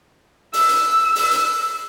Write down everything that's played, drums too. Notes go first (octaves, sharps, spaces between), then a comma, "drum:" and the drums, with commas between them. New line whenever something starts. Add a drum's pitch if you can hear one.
E6, drum: open hi-hat
drum: hi-hat
drum: open hi-hat
drum: hi-hat